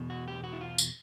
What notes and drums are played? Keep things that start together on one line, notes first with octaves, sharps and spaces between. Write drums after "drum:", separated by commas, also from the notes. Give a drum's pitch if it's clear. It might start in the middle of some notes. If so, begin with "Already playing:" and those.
Already playing: E2 B2
F#4
G4
F#4
E4
F4
drum: tambourine